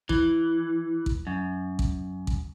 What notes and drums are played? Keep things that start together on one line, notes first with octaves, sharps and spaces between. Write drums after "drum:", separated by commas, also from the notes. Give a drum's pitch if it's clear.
E3, drum: kick A1
drum: kick A1
F#2
drum: kick A1
drum: kick A1